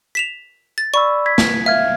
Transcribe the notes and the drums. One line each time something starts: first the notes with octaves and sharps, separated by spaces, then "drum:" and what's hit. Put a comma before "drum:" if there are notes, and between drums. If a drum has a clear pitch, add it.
B6 E7 F7
A6
D5 B5 C#6 E6
G#6 B6
drum: snare
E5 F5 F6 G#6